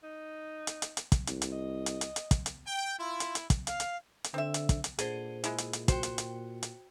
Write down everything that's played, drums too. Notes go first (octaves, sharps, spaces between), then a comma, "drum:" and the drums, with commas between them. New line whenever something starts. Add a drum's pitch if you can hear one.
D#4
drum: hi-hat
drum: hi-hat
drum: hi-hat
drum: kick, hi-hat
C2, drum: hi-hat
drum: hi-hat
D#5
drum: hi-hat
drum: hi-hat
drum: hi-hat
drum: kick, hi-hat
drum: hi-hat
G5
E4 F4
drum: hi-hat
drum: hi-hat
drum: kick, hi-hat
F5, drum: hi-hat
drum: hi-hat
drum: hi-hat
D3 C4 E5
drum: hi-hat
drum: kick, hi-hat
drum: hi-hat
A#2 D3 G#4 C5, drum: hi-hat
G#3 E4, drum: hi-hat
drum: hi-hat
drum: hi-hat
F#4 C5 G5, drum: kick, hi-hat
drum: hi-hat
drum: hi-hat
drum: hi-hat